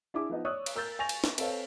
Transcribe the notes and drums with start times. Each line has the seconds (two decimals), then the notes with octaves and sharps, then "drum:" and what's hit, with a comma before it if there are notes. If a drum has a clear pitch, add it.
0.14 D4 E4 G#4 D6
0.30 F3 B3 D#4
0.45 C#5 D5 C#6 D#6 E6 F#6
0.66 drum: cymbal
0.76 A#4 E6 G6 A6
0.99 G#5 C#6 G6 A6 A#6 F7
1.09 drum: cymbal
1.24 drum: snare
1.38 C4 A4 B4 C#5 F5, drum: cymbal